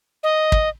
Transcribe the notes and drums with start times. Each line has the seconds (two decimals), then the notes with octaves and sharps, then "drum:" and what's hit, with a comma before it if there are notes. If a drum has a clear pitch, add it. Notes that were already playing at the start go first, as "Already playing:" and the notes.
0.23 D#5
0.52 drum: kick